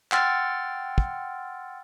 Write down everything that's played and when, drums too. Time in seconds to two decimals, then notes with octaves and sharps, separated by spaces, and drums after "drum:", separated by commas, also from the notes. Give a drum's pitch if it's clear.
0.12 F#5 G5 C6 E6 F6 A6, drum: clap
0.98 drum: kick